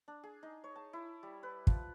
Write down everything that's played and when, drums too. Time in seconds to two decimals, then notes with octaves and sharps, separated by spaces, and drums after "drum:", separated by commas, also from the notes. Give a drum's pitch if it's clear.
0.08 D4
0.23 G#4
0.43 D#4
0.64 C#5
0.76 A5
0.93 E4
1.23 G3
1.43 B4
1.67 F3, drum: kick